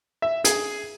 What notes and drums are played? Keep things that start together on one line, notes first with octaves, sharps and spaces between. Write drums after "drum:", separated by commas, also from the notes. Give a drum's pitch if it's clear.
E5
G#4, drum: hi-hat